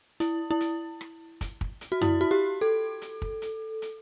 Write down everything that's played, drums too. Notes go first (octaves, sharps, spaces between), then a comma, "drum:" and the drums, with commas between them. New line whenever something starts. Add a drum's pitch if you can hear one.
E4, drum: hi-hat
E4
drum: hi-hat
drum: rim click
drum: kick, hi-hat
drum: kick
drum: hi-hat
F#4
E4, drum: tom F#2
F#4
G4
A4
drum: hi-hat
drum: kick
drum: hi-hat
drum: hi-hat